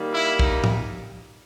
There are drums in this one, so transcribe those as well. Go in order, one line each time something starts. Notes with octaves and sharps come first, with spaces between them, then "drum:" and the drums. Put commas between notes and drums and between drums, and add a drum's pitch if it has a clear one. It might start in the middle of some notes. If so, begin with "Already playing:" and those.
Already playing: D#3 G3 A#3
E4
D#4, drum: kick
drum: tom A2